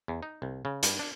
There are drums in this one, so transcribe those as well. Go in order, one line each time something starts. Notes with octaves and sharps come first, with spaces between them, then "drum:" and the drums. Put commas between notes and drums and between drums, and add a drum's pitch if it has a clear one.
E2
D#4
C2
C#3
G2, drum: hi-hat
D4